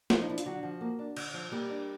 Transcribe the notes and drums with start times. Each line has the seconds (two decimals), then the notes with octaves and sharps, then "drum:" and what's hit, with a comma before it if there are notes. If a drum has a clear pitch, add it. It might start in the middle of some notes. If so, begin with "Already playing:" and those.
0.10 F3 A#3 F4, drum: snare
0.22 D#4
0.28 D4 E4
0.38 F4, drum: hi-hat
0.45 D3 F#3 F#4
0.63 F3
0.81 A#3
0.99 D4
1.17 D3, drum: cymbal
1.34 F3
1.51 G3 A#3 G4
1.69 D4